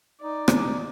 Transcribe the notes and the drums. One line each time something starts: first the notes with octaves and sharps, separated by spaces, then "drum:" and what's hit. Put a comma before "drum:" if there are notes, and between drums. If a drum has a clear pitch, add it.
D#4 D5
drum: rim click